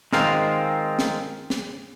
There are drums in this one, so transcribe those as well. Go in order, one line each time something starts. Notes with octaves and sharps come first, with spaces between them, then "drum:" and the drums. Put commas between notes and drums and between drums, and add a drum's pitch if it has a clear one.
D#3 G#3 C4 F4 A#4, drum: snare
drum: snare
drum: snare